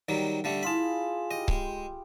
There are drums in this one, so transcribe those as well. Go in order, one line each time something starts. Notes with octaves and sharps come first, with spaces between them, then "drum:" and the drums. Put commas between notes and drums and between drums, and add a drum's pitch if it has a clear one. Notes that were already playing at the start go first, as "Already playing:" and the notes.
D#3 F#3 G3
D3 G3 A3
E4 F4 G#4 A5 B5
G4 D#5
G#3, drum: kick C#1